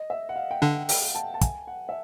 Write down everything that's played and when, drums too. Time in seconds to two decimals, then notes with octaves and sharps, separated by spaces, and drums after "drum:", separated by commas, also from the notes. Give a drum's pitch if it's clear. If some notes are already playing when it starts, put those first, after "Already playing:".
Already playing: D#5
0.10 E5
0.29 F#5
0.36 F5
0.51 G5
0.62 D3 D4 F#5
0.89 G5, drum: open hi-hat
1.15 A5
1.34 A5
1.41 G#5, drum: kick, hi-hat
1.67 F#5
1.89 E5